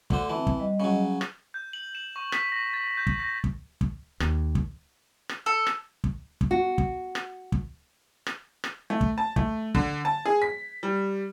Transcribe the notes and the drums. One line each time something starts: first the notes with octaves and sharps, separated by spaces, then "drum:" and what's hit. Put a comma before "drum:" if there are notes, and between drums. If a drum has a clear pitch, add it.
D2 D3 C5, drum: kick
E3 C4 E5 A5
drum: kick
G3 D#5
C#3 F#3
drum: rim click
G6
F#7
E7
C#6
B6, drum: rim click
A#6
A6
G6
drum: kick
A#6
drum: kick
drum: kick
D#2, drum: rim click
drum: kick
drum: rim click
A4
drum: rim click
drum: kick
drum: kick
F#4
drum: kick
drum: rim click
drum: kick
drum: rim click
drum: rim click
A3
drum: kick
A5
A3, drum: kick
D3, drum: kick
A5
G#4
B6
G3